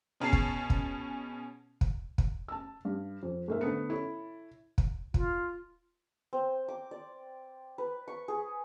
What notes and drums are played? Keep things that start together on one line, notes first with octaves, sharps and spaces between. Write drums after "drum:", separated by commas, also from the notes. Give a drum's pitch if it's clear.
B2 C#4 G#4 A5 C7
drum: kick
drum: kick
drum: kick
drum: kick
A5 E6
G2
F2
G#2 A#3 E5
D3 A3 B3 C#7
E4 A4 C#5
drum: kick
F4, drum: kick
C4
D6
D5
B4
C#6
G#4